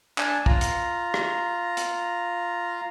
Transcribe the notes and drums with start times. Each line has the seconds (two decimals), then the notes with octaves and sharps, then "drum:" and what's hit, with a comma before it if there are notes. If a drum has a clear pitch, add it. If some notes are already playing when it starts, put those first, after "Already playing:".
0.18 D4 G#5 A5, drum: clap
0.46 F4 A#5, drum: kick
0.61 drum: hi-hat
1.14 drum: rim click
1.77 drum: hi-hat